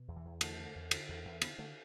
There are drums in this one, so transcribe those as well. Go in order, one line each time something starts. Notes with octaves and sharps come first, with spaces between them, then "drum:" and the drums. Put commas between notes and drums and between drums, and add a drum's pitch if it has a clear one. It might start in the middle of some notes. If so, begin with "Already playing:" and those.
Already playing: B2
E2
E3
E2
D3 A3, drum: cymbal
D3
E2
D3, drum: cymbal
E2
E2
D3 B3, drum: cymbal
D3 A3